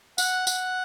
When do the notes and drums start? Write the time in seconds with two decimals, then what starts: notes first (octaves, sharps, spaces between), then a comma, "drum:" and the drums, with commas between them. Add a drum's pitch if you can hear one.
0.18 F#5, drum: tambourine
0.47 F#5, drum: tambourine